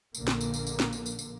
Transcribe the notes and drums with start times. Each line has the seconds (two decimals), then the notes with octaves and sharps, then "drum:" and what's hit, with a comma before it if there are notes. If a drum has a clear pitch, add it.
0.15 A#1 A#2 D3 A#3, drum: tambourine
0.28 drum: snare
0.41 drum: tambourine
0.54 drum: tambourine
0.67 drum: tambourine
0.80 drum: snare
0.93 drum: tambourine
1.06 drum: tambourine
1.19 drum: tambourine